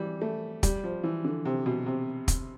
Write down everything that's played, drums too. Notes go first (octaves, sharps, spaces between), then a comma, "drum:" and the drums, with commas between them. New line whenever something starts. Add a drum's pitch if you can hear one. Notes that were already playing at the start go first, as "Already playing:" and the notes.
Already playing: E3 G3
A3
G3, drum: kick, hi-hat
F3
E3
D3
C3
B2
C3
drum: kick, hi-hat